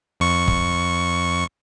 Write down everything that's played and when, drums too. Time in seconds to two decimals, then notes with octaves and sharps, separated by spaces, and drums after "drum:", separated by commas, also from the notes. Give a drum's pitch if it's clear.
0.20 F2 C#6
0.48 drum: kick